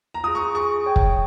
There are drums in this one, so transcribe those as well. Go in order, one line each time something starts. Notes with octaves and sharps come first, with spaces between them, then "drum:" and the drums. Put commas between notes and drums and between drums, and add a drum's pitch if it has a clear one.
A#5
F4 G#4 D#6
C#6
G#4 C#6
C#5 G5
drum: kick